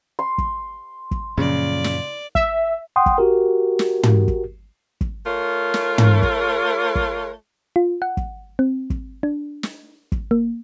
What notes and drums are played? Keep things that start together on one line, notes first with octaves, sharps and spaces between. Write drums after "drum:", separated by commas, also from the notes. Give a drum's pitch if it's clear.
C6
drum: kick
drum: kick
F#2 A#2 C#3 F3 D5
drum: snare
E5, drum: kick
F#5 G5 C6 D#6
drum: kick
F#4 G4 A#4
drum: snare
drum: tom
drum: kick
drum: kick
A3 F4 A#4 C#5
drum: snare
drum: tom
drum: kick
drum: kick
F4
F#5
drum: kick
C4
drum: kick
D4
drum: snare
drum: kick
A#3